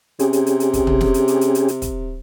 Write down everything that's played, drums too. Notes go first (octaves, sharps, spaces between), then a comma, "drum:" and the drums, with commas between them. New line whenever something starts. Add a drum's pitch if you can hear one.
C3 C#4 G4 G#4, drum: hi-hat
drum: hi-hat
drum: hi-hat
drum: hi-hat
drum: kick, hi-hat
drum: tom
drum: snare
drum: hi-hat
drum: hi-hat
drum: hi-hat
drum: hi-hat
drum: hi-hat
drum: kick, hi-hat